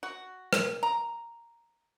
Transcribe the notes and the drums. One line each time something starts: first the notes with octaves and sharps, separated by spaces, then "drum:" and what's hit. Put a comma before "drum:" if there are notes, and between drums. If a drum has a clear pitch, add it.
F#4
drum: rim click
A#5